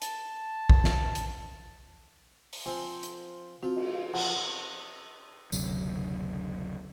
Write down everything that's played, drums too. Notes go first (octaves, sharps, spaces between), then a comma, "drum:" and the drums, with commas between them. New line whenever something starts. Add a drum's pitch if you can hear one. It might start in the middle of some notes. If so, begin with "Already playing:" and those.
A5, drum: hi-hat
drum: kick
drum: snare
drum: hi-hat
drum: open hi-hat
F3 C4 G#5
drum: hi-hat
F3 C4 F#4
drum: cymbal
F5
F3 F#5, drum: cymbal
F#1 D2 C3 F#3, drum: tambourine